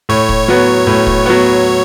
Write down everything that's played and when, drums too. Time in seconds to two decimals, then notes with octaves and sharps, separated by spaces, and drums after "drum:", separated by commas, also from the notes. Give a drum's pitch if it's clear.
0.09 A2 C#5
0.29 drum: kick
0.48 F#3 B3
0.87 A2
1.07 drum: kick
1.26 F#3 B3